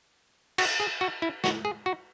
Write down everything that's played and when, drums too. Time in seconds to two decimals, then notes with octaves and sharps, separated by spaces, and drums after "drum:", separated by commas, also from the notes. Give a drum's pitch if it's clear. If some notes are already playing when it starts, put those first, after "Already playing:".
0.58 F#4, drum: cymbal
0.80 G#4
1.01 F#4
1.22 E4
1.44 F#4, drum: snare
1.65 G#4
1.86 F#4